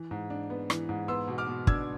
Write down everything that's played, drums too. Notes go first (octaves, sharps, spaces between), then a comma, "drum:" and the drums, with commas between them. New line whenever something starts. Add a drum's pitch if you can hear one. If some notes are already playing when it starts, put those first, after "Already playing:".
Already playing: E3
G#2
D4
B3
E3, drum: rim click
G#2
B3 C6 E6
B2
D6 F6
B2
D4 E6 G#6, drum: kick